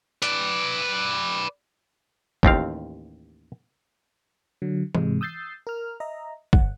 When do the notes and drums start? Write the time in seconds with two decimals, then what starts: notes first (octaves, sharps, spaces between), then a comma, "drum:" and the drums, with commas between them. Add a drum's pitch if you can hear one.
0.22 B4 D5, drum: hi-hat
2.43 A1 D#2 C4 F5, drum: kick
4.62 D3 F#3
4.95 G#2 C3 G#3, drum: tom E3
5.21 D#6 E6 G6 A6 C7
5.67 A#4 F6
6.00 D#5 E5 A#5
6.53 G1 F#5, drum: kick